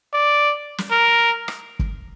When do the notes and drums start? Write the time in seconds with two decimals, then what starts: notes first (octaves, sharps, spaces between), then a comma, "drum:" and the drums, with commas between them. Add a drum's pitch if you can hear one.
0.13 D5
0.78 drum: snare
0.91 A#4
1.48 drum: rim click
1.79 drum: kick